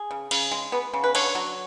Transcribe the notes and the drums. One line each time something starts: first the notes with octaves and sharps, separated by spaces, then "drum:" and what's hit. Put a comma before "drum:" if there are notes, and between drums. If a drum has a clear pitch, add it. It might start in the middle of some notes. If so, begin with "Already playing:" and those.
Already playing: G#4
C#3
C#3, drum: cymbal
G#3
B3
C#3
B4
D3 C#5, drum: cymbal
F#3